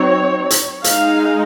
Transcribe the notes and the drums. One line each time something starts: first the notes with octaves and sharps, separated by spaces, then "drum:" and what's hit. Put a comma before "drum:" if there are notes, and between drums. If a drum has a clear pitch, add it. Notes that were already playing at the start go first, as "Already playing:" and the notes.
Already playing: F#3 C4 D#4 C#5
drum: hi-hat
G#3 D#4 F5, drum: hi-hat